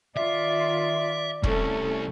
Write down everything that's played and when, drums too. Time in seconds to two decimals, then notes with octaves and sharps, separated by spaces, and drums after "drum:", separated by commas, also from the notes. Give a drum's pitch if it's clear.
0.17 D#3 F4 D5 E5
1.43 C2 A3 C#4 A4, drum: kick